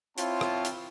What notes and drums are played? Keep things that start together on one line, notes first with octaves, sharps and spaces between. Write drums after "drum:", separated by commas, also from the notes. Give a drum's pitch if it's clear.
C4 E4 F4 C#5 A5, drum: hi-hat
drum: rim click
drum: hi-hat